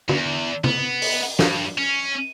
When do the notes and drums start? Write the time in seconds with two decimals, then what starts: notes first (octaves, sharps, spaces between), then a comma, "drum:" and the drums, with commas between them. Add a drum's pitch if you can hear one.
0.09 E2, drum: tom
0.64 B3, drum: tom
1.02 drum: open hi-hat
1.39 G2, drum: snare
1.78 C#4